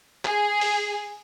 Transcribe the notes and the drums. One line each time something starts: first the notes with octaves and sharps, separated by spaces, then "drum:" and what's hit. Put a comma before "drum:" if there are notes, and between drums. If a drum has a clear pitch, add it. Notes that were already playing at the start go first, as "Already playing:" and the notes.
G#4, drum: clap
drum: open hi-hat